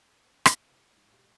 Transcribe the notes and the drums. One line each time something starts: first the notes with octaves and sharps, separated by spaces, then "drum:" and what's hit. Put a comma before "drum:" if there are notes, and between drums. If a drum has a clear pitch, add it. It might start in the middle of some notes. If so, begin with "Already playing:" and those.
Already playing: A#2
F#3 A3 C4
drum: rim click
A2 C3 E3 A3
A2
G#2
B2 G3 C4 F4